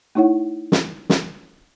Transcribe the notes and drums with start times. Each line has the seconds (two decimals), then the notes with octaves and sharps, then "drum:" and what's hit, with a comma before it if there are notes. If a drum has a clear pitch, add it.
0.15 A3 D#4 E4 C#5 F#5
0.72 drum: snare
1.09 drum: snare